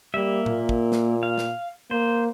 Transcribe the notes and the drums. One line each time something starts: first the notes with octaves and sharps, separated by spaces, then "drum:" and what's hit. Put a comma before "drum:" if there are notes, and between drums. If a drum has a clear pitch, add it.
G3 A#3 E5
A#2, drum: tom A2
drum: kick
drum: snare
F5
drum: snare
A#3 C5